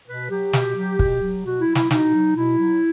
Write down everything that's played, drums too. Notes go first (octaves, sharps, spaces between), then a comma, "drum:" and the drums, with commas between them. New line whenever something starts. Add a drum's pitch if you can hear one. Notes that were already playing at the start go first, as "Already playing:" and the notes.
B2 B4
F#3 G4
B2, drum: snare
F#3
B2, drum: kick
F#3
B2 F#4
E4
F#3
E4, drum: snare
B2 D#4, drum: snare
F#3
B2 E4
F#3